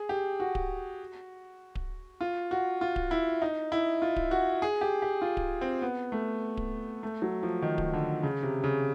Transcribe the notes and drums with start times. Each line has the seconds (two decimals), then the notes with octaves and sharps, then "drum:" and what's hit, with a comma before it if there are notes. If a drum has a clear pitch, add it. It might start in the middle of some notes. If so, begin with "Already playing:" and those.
Already playing: G#4
0.09 G4
0.40 F#4
0.55 drum: kick D1
1.75 drum: kick D1
2.21 F4
2.51 F#4
2.81 F4
2.96 drum: kick D1
3.11 E4
3.42 D#4
3.72 E4
4.02 F4
4.16 drum: kick D1
4.31 F#4
4.62 G#4
4.81 G4
5.02 G4
5.22 F4
5.37 drum: kick D1
5.61 C4
5.82 B3
6.12 A3
6.57 drum: kick D1
7.03 A3
7.22 F#3
7.43 F3
7.62 D#3
7.78 drum: kick D1
7.93 D3
8.23 C#3
8.43 C3
8.64 C#3